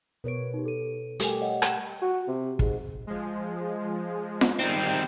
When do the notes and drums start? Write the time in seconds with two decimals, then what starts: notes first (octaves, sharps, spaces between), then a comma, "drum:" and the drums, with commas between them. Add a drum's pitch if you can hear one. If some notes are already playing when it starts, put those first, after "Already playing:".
0.24 B2 A#4 B4 C#5 D7
0.54 D#4 G4
0.65 A4 D#7
1.20 G3 A3 G4 A4 A#4 G#5, drum: hi-hat
1.42 C#5 D#5 F#5
1.62 F#5 G5 E7, drum: rim click
2.02 F#4
2.28 C3
2.59 G#2, drum: kick
3.07 F3 G#3
4.41 drum: snare F4
4.59 D#3 G3 C4 D#4